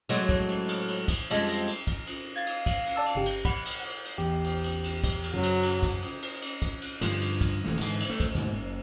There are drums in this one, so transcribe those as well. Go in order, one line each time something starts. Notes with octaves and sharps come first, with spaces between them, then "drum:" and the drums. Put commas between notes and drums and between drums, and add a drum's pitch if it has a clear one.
A2 F#3 G#3, drum: cymbal
drum: kick, cymbal
drum: cymbal
drum: cymbal
drum: cymbal
drum: kick, cymbal
F2 G3 G#3, drum: cymbal
drum: cymbal
drum: cymbal
drum: kick, cymbal
drum: cymbal
F5 G#6 A6
drum: cymbal
drum: kick, cymbal
drum: cymbal
D5 A5 E6
drum: cymbal
G1 C#3 G4
drum: cymbal
F#5 B5, drum: kick, cymbal
drum: cymbal
drum: cymbal
drum: cymbal
A1 E2 G4
drum: cymbal
drum: cymbal
drum: cymbal
drum: kick, cymbal
drum: cymbal
F#2 C#3 F#3
drum: cymbal
drum: cymbal
drum: kick, cymbal
drum: cymbal
drum: cymbal
drum: cymbal
drum: kick, cymbal
drum: cymbal
G2 D3 F3, drum: cymbal
drum: cymbal
drum: kick, cymbal
D#1 A1 E3 A3
G#2 D3 E3, drum: cymbal
drum: cymbal
A3
drum: kick, cymbal
D2 G#2 B2
F#1